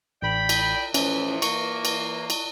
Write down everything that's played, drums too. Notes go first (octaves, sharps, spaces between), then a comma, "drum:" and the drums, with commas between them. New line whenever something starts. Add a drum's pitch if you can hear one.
A1 D5 G5 B5
drum: cymbal
A2 E3 F3 C#4, drum: cymbal
E3 A#3 C#6, drum: cymbal
drum: cymbal
drum: cymbal